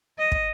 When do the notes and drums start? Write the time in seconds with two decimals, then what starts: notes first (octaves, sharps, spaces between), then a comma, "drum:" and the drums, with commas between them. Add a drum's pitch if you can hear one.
0.19 D#5
0.32 drum: kick